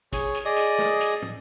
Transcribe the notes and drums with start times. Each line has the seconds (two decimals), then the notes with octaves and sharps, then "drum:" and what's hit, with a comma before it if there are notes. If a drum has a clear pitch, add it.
0.13 G#4 C#5, drum: kick, hi-hat
0.34 drum: hi-hat
0.45 G#4 D5 D#5 D#6
0.56 drum: hi-hat
0.78 drum: snare
1.00 drum: hi-hat
1.22 drum: tom